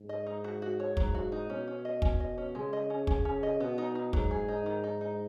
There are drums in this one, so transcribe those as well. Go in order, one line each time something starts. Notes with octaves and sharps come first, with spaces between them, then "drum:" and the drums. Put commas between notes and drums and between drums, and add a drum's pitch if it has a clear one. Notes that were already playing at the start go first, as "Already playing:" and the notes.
Already playing: G#2
D#5
D#4
F#4
F#4
C#5
G#2 F#3, drum: kick
F#4
D#4
B2 C#4
C#4
D#5
C#4, drum: kick
D#5
C#4
C#3 G#3
D#5
C#4
C#4, drum: kick
C#4
D#5
B2 B3
D#4
D#4
G#2 F#3, drum: kick
G#4
D#4
D#3
D#4
D#4